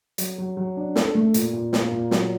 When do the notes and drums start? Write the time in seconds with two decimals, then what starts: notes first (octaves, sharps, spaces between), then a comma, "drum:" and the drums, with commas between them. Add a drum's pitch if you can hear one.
0.18 F#3, drum: hi-hat
0.38 F#3
0.57 F#3
0.77 D4
0.95 A4, drum: snare
1.15 A3
1.34 A#2, drum: hi-hat
1.53 A#2
1.73 A#3, drum: snare
1.92 A#2
2.11 F#3, drum: snare